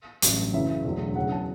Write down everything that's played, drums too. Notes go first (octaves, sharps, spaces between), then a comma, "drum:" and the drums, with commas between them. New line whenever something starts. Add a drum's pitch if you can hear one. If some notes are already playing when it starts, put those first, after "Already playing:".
A1 G2 F#3, drum: hi-hat
F#2 C#3 E3 E5
E1 D2 D3 F#3
E2 C#3 F#3 C#4 F#5
A5